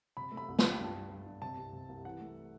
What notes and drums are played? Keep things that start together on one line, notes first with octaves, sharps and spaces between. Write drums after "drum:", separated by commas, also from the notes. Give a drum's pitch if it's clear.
C3 B5
A3
B5
C2
A3 A5, drum: snare
G5
G2
A5
G2
G2
G2
C3 A5
C2
C3
C2
E3 F#5
A3